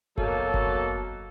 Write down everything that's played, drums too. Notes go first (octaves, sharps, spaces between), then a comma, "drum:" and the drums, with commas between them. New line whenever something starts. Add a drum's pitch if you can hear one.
B2 F#3 A#3 A4, drum: kick F#1
drum: kick F#1